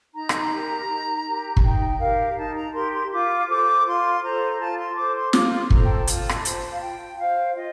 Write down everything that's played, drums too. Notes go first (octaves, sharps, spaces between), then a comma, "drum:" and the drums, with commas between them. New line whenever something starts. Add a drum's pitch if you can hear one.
D#4 A#5
drum: rim click
G4 A#4
D#4
G4 A#4
A5, drum: kick
D#4 G5
G4 A#4 F5
D#4 A5
A#5
G4 A#4 C6
C6
F4 D6
A4 C5 D6
F4 C6
A4 C5 A#5
F4 A5
C6
A4 C5 D6
C6
F4 D6, drum: snare
C6
A4 C5 A#5, drum: kick
G5
A5
F4, drum: hi-hat
drum: rim click
C5, drum: hi-hat
F5
F4 G5
C5 F5
F4 D#5